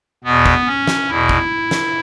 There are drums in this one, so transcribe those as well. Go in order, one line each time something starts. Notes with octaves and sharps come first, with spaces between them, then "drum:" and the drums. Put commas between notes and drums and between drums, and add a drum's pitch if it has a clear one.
E2 B2 B3
drum: kick
C#4
drum: snare
E2 B2 E4
drum: kick
drum: snare